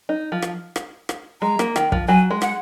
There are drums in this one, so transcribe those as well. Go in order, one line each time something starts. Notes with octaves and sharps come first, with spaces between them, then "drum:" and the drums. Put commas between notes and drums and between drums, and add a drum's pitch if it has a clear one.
D#4
F3
drum: rim click
drum: rim click
drum: rim click
G#3 A#5
A#3, drum: rim click
D#3, drum: rim click
F3, drum: kick
F#3 G#5
G#3
F#5, drum: rim click